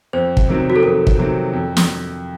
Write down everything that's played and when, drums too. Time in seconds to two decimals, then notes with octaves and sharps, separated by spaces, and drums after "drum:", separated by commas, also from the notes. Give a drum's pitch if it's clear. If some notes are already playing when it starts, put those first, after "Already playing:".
0.13 F2 C5
0.37 drum: kick
0.49 C3 D#3 F#3 C4
0.70 F#4
0.76 A4
0.83 F2 A#4
1.07 drum: kick
1.18 C3 D#3 F#3 C4
1.53 F2
1.77 drum: snare